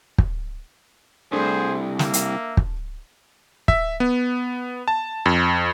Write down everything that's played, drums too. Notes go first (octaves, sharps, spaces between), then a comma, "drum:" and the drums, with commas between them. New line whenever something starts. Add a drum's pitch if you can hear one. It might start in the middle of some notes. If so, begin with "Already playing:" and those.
drum: kick
C2 A3 D4 G#4 C5
A#3 E5, drum: snare
drum: hi-hat
drum: kick
E5, drum: kick
B3
A5
F2